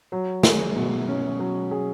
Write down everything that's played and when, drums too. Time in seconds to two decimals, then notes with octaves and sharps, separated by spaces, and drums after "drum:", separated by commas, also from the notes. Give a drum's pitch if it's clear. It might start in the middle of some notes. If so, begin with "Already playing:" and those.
0.12 F#3
0.43 G#4, drum: snare
0.76 B2
1.08 C#4
1.39 F#3
1.71 G#4